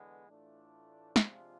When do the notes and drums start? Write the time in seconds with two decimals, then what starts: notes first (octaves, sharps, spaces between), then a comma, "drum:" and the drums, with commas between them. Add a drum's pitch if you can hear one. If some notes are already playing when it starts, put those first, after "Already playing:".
Already playing: E2 D3 G#3 B3
0.26 A2 E3 A3 D4 F4
1.16 C3 F3 G#3 D4 F4, drum: snare